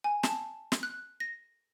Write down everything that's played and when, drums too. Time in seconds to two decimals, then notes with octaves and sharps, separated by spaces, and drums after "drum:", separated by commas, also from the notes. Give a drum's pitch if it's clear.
0.04 G#5
0.23 A5, drum: snare
0.72 drum: snare
0.83 F#6
1.20 A#6